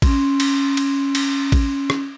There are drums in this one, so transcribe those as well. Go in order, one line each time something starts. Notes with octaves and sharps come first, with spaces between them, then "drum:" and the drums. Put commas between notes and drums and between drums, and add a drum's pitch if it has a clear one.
C#4 C6, drum: kick, cymbal
drum: cymbal
drum: cymbal
drum: cymbal
drum: kick, cymbal
drum: rim click